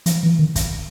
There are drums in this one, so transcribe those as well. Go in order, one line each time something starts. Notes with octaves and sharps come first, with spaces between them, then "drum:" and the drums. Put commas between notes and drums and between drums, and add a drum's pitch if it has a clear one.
F3, drum: hi-hat
E3
D#3
drum: kick, hi-hat